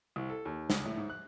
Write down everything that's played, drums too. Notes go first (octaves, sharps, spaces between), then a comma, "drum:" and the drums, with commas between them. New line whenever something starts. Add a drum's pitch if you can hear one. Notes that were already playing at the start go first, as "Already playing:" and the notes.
C2
A4
D#2
C#2, drum: snare
A2
G#2
F#6